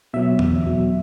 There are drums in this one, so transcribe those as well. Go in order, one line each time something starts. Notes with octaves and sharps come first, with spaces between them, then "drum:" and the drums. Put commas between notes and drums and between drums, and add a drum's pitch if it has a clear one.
B2 F#3 E5
E2, drum: tom E2
B2 F#3